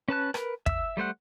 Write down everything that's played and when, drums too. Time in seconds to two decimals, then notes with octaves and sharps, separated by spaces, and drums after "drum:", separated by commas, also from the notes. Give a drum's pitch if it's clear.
0.08 C#4 B4 A5 F#6
0.34 A#4 B4, drum: rim click
0.66 E5 E6, drum: kick
0.97 G3 A3 C5 F#5